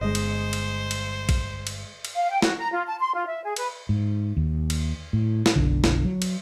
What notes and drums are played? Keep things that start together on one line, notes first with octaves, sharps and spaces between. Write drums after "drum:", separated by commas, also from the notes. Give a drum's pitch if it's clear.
G1 G#3 C5 D#5
drum: cymbal
drum: cymbal
drum: cymbal
drum: kick A#1, cymbal
drum: cymbal
drum: cymbal
F5
G5
F#4, drum: snare
A#5
F4
A5
C6
F4
E5
G#4
B4, drum: cymbal
G#2
D#2
drum: cymbal
A2
drum: snare
F#1 B1 D3
drum: snare
F#3
drum: cymbal